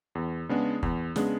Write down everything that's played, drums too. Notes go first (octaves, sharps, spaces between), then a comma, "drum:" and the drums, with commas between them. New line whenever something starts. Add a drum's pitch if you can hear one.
E2
C#3 G#3 B3 D4
E2, drum: kick
C#3 G#3 B3 D4, drum: snare